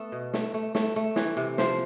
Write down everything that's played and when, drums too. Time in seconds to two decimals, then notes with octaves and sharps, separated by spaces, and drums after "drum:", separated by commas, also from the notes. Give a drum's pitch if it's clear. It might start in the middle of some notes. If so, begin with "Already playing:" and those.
Already playing: A3 B3 A4
0.12 B2
0.34 A3, drum: snare
0.54 A3
0.75 A3, drum: snare
0.96 A3
1.16 E3, drum: snare
1.37 C3
1.58 F3 C5, drum: snare